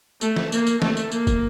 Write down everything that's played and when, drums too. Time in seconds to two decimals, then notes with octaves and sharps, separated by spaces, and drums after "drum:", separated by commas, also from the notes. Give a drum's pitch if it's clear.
0.21 A3, drum: tambourine
0.36 drum: snare
0.52 A#3, drum: tambourine
0.67 drum: tambourine
0.82 A3, drum: snare
0.97 drum: tambourine
1.12 A#3, drum: tambourine
1.27 drum: kick, tambourine